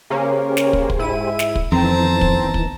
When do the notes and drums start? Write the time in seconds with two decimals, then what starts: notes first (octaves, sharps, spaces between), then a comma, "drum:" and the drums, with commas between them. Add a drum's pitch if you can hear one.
0.10 C#3 A#3 C#4 G4 G#4 C5
0.57 drum: snare
0.73 drum: kick
0.90 drum: kick
0.99 G#2 E4 D#7
1.39 drum: snare
1.55 drum: kick
1.72 F2 D#3 E3 B3 C4 A5 A#5
2.21 drum: kick
2.54 drum: kick